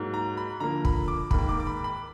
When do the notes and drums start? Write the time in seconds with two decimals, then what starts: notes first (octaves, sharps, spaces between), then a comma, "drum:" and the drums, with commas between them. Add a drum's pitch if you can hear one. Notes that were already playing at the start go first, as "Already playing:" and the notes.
Already playing: G#2 F#3 A#3
0.14 A#5
0.37 B5
0.60 D3 F3 A#3 A#5
0.85 B5, drum: kick
1.08 D6
1.31 G#2 D#3 A#3 B5, drum: kick
1.49 D6
1.60 D6
1.67 B5
1.84 B5